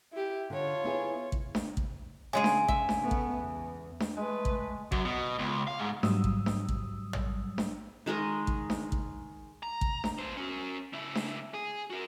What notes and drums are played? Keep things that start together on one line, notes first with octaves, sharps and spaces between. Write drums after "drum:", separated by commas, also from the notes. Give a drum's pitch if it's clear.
E4 G4
D3 F4 C#5
B3 E4 G#4
drum: kick
drum: snare D4
drum: kick
C#3 G#3 G#4 G#5
drum: snare D4
E5, drum: kick
drum: snare D4
A3 B3
drum: kick
E2
drum: snare D4
G#3 A3 B4
drum: kick
F#2, drum: kick
B2
C#2
F5
G#2
G#2 F#3 G3 D#6 E6, drum: snare D4
drum: kick
drum: snare D4
drum: kick
drum: tom
drum: snare D4
D#3 G#3 A#4 D#5
drum: kick
drum: snare D4
drum: kick
A#5
drum: kick
drum: snare D4
B2 C5
C#4 F#4
C#3 E4
drum: snare D4
G#4
F#4 A#4